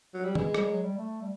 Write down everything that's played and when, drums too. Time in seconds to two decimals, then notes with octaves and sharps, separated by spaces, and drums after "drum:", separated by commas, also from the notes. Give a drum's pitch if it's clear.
0.14 F#3
0.25 G3
0.35 E3 G#3, drum: tom
0.54 G3, drum: rim click
0.67 F#3
0.83 G3
0.98 A3
1.21 G3